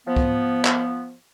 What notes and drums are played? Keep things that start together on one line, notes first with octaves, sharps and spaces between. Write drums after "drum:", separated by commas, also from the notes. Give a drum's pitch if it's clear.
F3 B3
drum: kick C#2
drum: clap